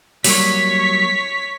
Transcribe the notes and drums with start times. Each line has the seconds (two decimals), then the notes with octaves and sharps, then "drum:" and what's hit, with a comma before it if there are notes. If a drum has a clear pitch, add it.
0.24 F#3 G3 A#3 C#5 B6, drum: open hi-hat